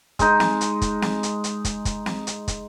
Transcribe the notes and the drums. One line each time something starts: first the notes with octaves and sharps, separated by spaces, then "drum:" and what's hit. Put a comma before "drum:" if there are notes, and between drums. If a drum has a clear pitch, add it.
G#3 D#4, drum: kick, hi-hat
drum: snare
drum: hi-hat
drum: kick, hi-hat
drum: snare
drum: hi-hat
drum: hi-hat
drum: kick, hi-hat
drum: kick, hi-hat
drum: snare
drum: hi-hat
drum: kick, hi-hat